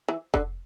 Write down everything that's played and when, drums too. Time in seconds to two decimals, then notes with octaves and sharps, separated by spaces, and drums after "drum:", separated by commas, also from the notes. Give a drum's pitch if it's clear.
0.08 E3
0.34 D3, drum: kick F1